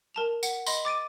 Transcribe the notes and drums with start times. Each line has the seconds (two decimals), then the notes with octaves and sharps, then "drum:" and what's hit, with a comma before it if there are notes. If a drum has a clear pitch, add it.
0.15 A#4 A5 F7
0.43 F#5, drum: tambourine
0.66 D#5 B5 C6, drum: tambourine
0.85 D6 A6 D7 D#7